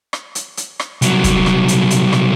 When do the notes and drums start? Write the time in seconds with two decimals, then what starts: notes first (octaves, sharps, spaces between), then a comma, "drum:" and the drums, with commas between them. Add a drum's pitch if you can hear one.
0.13 drum: rim click
0.35 drum: hi-hat
0.57 drum: hi-hat
0.80 drum: rim click
1.02 C2 F#3, drum: hi-hat
1.24 drum: kick, hi-hat
1.46 drum: rim click
1.68 drum: hi-hat
1.90 drum: hi-hat
2.13 drum: rim click